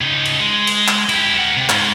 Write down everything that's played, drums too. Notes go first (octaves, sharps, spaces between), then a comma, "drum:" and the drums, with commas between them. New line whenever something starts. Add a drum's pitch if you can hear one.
C#3 D#4
drum: cymbal
G#3
drum: cymbal
drum: clap
E4 G4, drum: cymbal
A#4 F#5
C3
G#2, drum: clap